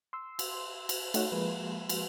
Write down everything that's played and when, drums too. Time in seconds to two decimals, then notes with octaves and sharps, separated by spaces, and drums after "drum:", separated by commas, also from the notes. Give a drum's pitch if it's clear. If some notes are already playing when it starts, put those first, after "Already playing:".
0.13 C6 E6
0.39 drum: cymbal
0.89 drum: cymbal
1.14 A3 D#4 F#4 C#5 F#5, drum: cymbal
1.32 F3 G#3 A#3 G#4 B4
1.89 drum: cymbal